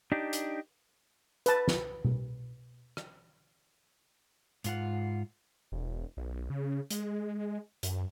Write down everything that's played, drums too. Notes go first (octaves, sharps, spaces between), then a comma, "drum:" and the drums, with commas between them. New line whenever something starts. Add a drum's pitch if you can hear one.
D4 D#4 G4
drum: hi-hat
B4 A5, drum: hi-hat
drum: snare
drum: tom B2
drum: rim click
G#2 F4 F#5, drum: hi-hat
E1
B1
C#3
G#3, drum: hi-hat
F#2, drum: hi-hat